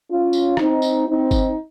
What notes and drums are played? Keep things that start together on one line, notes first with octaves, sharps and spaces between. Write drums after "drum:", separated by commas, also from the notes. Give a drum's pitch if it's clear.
C#4 F4
drum: tambourine
C4 D#4, drum: rim click
drum: tambourine
C4 D#4
drum: kick G1, tambourine